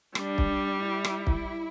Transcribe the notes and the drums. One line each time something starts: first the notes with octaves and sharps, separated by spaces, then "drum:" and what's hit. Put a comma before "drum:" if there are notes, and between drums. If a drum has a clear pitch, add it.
G3 D4, drum: rim click
drum: kick
E4
drum: rim click
drum: kick